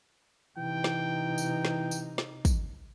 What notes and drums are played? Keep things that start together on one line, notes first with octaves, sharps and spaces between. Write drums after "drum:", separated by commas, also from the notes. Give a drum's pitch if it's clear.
C3 E3 D#4 G5
drum: snare
drum: tambourine
drum: snare
drum: tambourine
drum: snare
drum: kick, tambourine